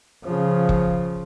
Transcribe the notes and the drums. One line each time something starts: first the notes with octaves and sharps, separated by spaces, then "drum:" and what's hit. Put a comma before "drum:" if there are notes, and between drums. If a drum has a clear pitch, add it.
C#3 F3
drum: kick F#1